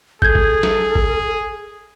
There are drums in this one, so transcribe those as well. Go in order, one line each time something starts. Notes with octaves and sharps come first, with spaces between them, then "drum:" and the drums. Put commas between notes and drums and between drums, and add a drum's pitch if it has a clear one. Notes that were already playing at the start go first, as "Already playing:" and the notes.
G#4 A4 G6 G#6, drum: kick
drum: kick
drum: snare
drum: kick